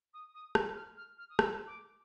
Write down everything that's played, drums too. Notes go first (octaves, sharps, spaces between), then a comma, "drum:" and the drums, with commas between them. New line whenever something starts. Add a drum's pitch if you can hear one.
D#6
D#6
drum: rim click
F6
F6
F6
D#6
E6, drum: rim click
D6